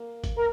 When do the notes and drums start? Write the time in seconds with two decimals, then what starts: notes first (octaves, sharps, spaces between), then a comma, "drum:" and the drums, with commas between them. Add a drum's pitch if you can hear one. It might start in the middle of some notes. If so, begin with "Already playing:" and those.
Already playing: A#3
0.24 drum: kick G#1, hi-hat
0.36 A#4